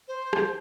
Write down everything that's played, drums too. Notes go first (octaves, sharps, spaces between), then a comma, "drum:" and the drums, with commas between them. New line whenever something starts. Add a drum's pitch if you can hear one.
C5
drum: rim click